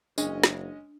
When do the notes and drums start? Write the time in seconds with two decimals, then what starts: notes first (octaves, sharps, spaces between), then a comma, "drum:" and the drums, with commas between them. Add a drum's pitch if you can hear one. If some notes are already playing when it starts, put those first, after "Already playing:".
0.18 F#1 G#3 C#4 D4 D#5, drum: tambourine
0.44 drum: snare